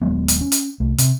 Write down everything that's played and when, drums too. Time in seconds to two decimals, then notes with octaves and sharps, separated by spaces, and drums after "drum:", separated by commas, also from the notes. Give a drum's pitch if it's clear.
0.01 D#1 F#3 G#3 B3
0.28 drum: hi-hat
0.41 C#4
0.52 drum: hi-hat
0.80 C2 A3
0.98 C3, drum: hi-hat